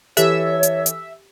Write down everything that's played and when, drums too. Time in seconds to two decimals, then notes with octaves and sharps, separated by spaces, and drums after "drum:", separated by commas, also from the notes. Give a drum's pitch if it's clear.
0.17 E3 G4 A4 C#5 E5, drum: hi-hat
0.63 drum: hi-hat
0.86 drum: hi-hat